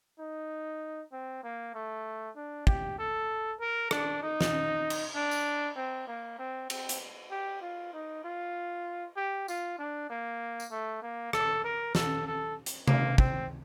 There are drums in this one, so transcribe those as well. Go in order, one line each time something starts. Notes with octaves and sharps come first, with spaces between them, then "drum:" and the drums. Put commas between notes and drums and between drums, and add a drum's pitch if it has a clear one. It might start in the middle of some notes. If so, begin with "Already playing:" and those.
D#4
C4
A#3
A3
D4
G4, drum: kick
A4
A#4
D4, drum: rim click
D#4
drum: snare
drum: cymbal
D4
drum: tambourine
C4
A#3
C4
C4, drum: cymbal
drum: hi-hat
G4
F4
D#4
F4
G4
F4, drum: tambourine
D4
A#3
drum: tambourine
A3
A#3
A4, drum: rim click
A#4
A4, drum: snare
A4
drum: hi-hat
A#3, drum: tom C3
C4, drum: kick